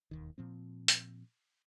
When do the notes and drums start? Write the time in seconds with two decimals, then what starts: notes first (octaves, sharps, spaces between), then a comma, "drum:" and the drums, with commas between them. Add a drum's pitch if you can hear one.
0.11 E1 D#2 D#3
0.38 A#2 F3 C4
0.88 drum: hi-hat